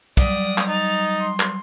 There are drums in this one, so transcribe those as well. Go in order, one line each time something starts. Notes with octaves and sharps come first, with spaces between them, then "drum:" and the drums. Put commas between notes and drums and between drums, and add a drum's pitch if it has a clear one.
F#3 G3 D5 D#6, drum: kick, cymbal
drum: clap
D#4 A6 F7
C6
drum: clap